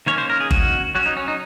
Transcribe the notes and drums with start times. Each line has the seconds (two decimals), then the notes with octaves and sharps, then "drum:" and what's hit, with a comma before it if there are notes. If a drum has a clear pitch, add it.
0.06 D#3 A#3 C#4 C#5
0.18 C5
0.30 A#4
0.40 G#4
0.51 F#4, drum: kick G1
0.95 F#3 C#4 F#4
1.06 D#4
1.17 C#4
1.28 D#4